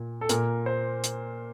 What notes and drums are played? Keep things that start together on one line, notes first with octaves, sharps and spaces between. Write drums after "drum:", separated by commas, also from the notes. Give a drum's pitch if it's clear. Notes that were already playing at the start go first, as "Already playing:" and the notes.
Already playing: A#2
A4
A#2 A#4, drum: hi-hat
C5
drum: hi-hat